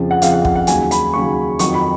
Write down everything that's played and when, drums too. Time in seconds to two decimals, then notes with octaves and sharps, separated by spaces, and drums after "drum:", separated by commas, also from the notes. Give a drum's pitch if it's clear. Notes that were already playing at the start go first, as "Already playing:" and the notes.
Already playing: F2 C#3 F3
0.11 F#5
0.22 F2 C#3 F3 F5, drum: hi-hat
0.34 F#5
0.45 F#5, drum: kick
0.55 F#5
0.67 D#2 C#3 F#3 G#5, drum: hi-hat
0.91 B5, drum: hi-hat
1.13 D#2 C#3 F#3 C#6
1.59 F2 D#3 F#3 C#6, drum: hi-hat
1.74 B5